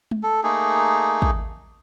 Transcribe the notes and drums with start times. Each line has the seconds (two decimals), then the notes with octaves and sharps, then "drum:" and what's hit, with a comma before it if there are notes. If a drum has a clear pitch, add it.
0.11 drum: tom G#3
0.23 A4
0.44 A3 A#3 D#4 G#4
1.22 drum: kick